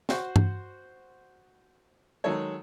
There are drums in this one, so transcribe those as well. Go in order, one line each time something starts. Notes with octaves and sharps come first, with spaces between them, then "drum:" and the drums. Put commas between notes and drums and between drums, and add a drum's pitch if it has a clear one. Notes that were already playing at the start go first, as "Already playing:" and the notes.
F#4 C5 F#5 C#6, drum: snare
drum: tom G2
D#3 F#3 G#3 G#4 A4 C#5